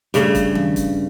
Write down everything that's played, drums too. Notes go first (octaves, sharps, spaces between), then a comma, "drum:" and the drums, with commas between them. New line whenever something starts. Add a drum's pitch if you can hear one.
G2 C#3 A3, drum: hi-hat
drum: kick, hi-hat
drum: tom D#3
drum: kick, hi-hat